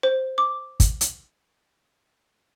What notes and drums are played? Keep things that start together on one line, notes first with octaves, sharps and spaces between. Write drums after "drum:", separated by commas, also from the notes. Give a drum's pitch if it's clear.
C5
D6
drum: kick, hi-hat
drum: hi-hat